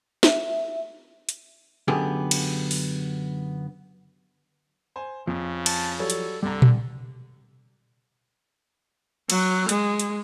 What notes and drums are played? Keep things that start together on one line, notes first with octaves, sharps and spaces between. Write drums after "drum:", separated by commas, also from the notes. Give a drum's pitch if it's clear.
E5, drum: snare
drum: hi-hat
F#2 D3 B3 G4 G#4
drum: cymbal
drum: open hi-hat
C5 G#5
F2 C#3 F3
A5, drum: cymbal
F#3 G3 A4 C#5
drum: hi-hat
C2 G2 D3 G3 A4 A#5
drum: tom A#2
F#3, drum: cymbal
G#3, drum: hi-hat
drum: hi-hat